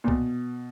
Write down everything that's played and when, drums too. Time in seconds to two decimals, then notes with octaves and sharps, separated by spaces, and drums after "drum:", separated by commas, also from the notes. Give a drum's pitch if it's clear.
0.04 A#2
0.08 B2, drum: kick C2